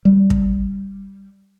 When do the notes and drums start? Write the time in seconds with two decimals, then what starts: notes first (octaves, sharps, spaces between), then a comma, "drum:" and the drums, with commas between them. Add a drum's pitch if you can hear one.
0.05 G3
0.30 drum: kick